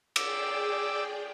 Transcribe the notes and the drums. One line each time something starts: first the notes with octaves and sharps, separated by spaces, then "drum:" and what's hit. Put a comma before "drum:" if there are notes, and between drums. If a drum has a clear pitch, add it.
G#4 D5 G5 D6 E6, drum: cymbal